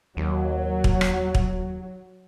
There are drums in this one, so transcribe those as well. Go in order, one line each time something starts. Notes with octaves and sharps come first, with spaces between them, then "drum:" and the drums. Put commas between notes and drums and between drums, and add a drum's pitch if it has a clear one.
D#2 F#3
drum: kick
drum: rim click
drum: kick